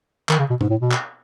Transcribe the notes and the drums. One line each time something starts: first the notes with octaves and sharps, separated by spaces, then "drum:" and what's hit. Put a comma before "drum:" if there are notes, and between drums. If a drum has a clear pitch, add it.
D#3, drum: clap
C#3
B2
G#2, drum: tom B2
A2
B2
drum: clap